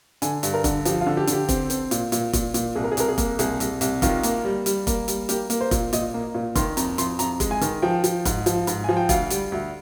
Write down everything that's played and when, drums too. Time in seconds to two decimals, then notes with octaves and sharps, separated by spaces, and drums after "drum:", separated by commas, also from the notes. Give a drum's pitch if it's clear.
0.22 D3 G#5, drum: hi-hat
0.43 G2, drum: hi-hat
0.54 A#4
0.64 D3, drum: kick F1, hi-hat
0.85 F3 G4, drum: hi-hat
1.01 F4
1.06 D3
1.17 G4
1.27 D3, drum: hi-hat
1.33 G4
1.49 C4, drum: kick F1, hi-hat
1.70 C4, drum: hi-hat
1.91 A#2, drum: hi-hat
2.12 A#2, drum: hi-hat
2.33 A#2, drum: kick F1, hi-hat
2.54 A#2, drum: hi-hat
2.75 C2 G#4
2.84 A#4
2.92 G#4
2.97 C2 A#4, drum: hi-hat
3.09 G#4
3.18 A#3, drum: kick F1, hi-hat
3.39 C2 G#4, drum: hi-hat
3.60 C2, drum: hi-hat
3.81 C2, drum: hi-hat
4.02 D#3 F4, drum: kick F1, hi-hat
4.23 A#3, drum: hi-hat
4.44 G3
4.66 G3, drum: hi-hat
4.87 A#3, drum: kick F1, hi-hat
5.08 G3, drum: hi-hat
5.29 A#3 G4, drum: hi-hat
5.50 A#3, drum: hi-hat
5.61 C5
5.71 A#2, drum: kick F1, hi-hat
5.93 A#2 D#5, drum: hi-hat
6.14 A#3
6.34 A#2
6.55 D#3 C6, drum: kick F1, hi-hat
6.77 F2 A#5, drum: hi-hat
6.98 F2 C6, drum: hi-hat
7.19 F2 A#5, drum: hi-hat
7.40 G#3, drum: kick F1, hi-hat
7.51 G#5
7.61 D#3, drum: hi-hat
7.82 F3 G5
8.04 F3, drum: hi-hat
8.25 G#2, drum: kick F1, hi-hat
8.46 F3, drum: hi-hat
8.67 G#2, drum: hi-hat
8.84 F3 G#5
8.97 G5
9.09 D2 F5, drum: kick F1, hi-hat
9.30 G3, drum: hi-hat
9.52 D2